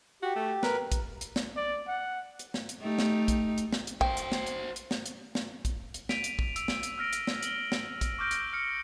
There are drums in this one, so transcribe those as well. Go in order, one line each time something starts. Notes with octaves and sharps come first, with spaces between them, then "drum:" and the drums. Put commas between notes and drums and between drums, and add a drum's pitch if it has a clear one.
F#4 G4
A3
A#4 B4, drum: snare
drum: kick A#1, hi-hat
drum: hi-hat
drum: snare
D5
F#5
drum: hi-hat
drum: snare
drum: hi-hat
A3 D#4 G4
drum: snare
drum: kick A#1, hi-hat
drum: hi-hat
drum: snare
drum: hi-hat
F#4 C5 G5, drum: kick A#1
drum: hi-hat
drum: snare
drum: hi-hat
drum: hi-hat
drum: snare
drum: hi-hat
drum: snare
drum: kick A#1, hi-hat
drum: hi-hat
B6 D7 D#7 F7, drum: snare
drum: hi-hat
drum: kick A#1
E6, drum: hi-hat
drum: snare
drum: hi-hat
E6 F6 A#6 D7
drum: hi-hat
drum: snare
F#7 G7, drum: hi-hat
drum: snare
drum: kick A#1, hi-hat
C#6 D6 F6 G6 A#6 D7
drum: hi-hat
F6 C#7